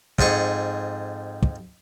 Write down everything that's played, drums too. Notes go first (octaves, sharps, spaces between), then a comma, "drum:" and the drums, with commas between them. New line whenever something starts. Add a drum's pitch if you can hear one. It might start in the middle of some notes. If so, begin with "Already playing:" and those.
F2 G#2 G#4 C#6, drum: kick
drum: kick